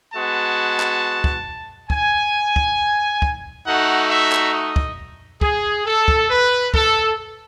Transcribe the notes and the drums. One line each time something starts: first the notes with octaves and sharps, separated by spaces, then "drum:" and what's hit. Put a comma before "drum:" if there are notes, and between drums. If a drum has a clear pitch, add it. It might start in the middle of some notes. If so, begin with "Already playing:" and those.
G#3 B3 F#4 A5
drum: clap
drum: kick
G#5, drum: kick
drum: kick
drum: kick
A3 D#4 F#4 F#5
E5
drum: clap
D#5
drum: kick
G#4, drum: kick
A4
drum: kick
B4
A4, drum: kick